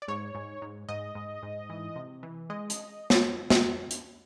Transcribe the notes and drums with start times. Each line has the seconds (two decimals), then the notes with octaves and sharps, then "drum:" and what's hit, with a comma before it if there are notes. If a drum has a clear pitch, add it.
0.02 D5
0.08 G#2 C#5
0.35 G#2
0.62 G#2
0.89 G#2 D#5
1.15 G#2
1.43 G#2
1.70 E3
1.96 C3
2.23 E3
2.50 G#3 D#5
2.70 drum: hi-hat
3.10 drum: snare
3.50 drum: snare
3.91 drum: hi-hat